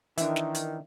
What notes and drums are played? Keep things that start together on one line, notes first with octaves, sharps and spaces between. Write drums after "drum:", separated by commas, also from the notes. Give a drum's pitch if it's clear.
D#3 E3 D4 E5, drum: hi-hat
drum: snare
drum: hi-hat